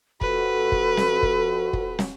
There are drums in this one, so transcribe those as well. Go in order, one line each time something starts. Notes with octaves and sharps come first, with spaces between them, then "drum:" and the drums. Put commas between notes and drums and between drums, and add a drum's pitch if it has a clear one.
F2 F#4 A4 B4, drum: kick
drum: kick
drum: snare
drum: kick
drum: kick
drum: snare